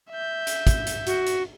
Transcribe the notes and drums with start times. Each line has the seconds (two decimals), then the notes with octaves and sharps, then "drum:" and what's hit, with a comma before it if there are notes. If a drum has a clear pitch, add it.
0.11 E5 G6
0.47 drum: hi-hat
0.67 drum: kick, hi-hat
0.87 drum: hi-hat
1.06 F#4, drum: hi-hat
1.26 drum: hi-hat